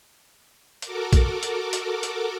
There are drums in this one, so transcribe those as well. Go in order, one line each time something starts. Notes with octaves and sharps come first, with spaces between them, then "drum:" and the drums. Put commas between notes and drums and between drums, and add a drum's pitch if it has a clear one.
F#4 A4 A#4 D6, drum: hi-hat
drum: kick, hi-hat
drum: hi-hat
drum: hi-hat
drum: hi-hat